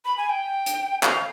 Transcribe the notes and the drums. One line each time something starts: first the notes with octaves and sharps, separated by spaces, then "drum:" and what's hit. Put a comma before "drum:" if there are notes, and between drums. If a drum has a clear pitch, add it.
B5
G#5
G5
drum: hi-hat
F5, drum: clap